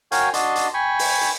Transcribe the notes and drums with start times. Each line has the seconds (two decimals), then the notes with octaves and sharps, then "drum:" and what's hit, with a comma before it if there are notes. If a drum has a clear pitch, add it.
0.12 F#4 A#4 C#5 F5 G5 G#5, drum: hi-hat
0.34 D4 F#4 D#5 A5 C6, drum: hi-hat
0.55 drum: hi-hat
0.74 G5 G#5 B5 C#6
0.99 drum: open hi-hat
1.21 drum: hi-hat